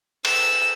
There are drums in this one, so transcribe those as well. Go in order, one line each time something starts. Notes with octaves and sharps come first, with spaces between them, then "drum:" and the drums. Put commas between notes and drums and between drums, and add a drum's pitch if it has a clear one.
E6, drum: cymbal